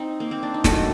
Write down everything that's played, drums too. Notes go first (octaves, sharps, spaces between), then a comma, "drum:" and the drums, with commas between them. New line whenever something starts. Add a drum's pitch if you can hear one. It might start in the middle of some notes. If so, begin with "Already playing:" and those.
Already playing: C4 D#4
A#3
C4
D4
D#4
F#2 D#3 A3 D4 F#4, drum: snare